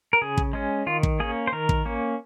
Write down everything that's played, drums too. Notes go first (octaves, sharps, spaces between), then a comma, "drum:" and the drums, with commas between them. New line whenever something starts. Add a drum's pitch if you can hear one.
A#4
C#3 G#4
drum: kick
G#3 C#4
D#3 F4
drum: kick
A#3 C#4 G#4
C5
D#3 A#4
drum: kick
A#3 C#4